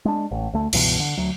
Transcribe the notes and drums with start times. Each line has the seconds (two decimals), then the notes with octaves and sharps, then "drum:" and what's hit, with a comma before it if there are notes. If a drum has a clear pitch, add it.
0.05 G#3 D4
0.31 A1
0.53 D2 A3
0.73 C#2 G2 B2 E3, drum: cymbal
1.00 D3
1.17 D2 F#3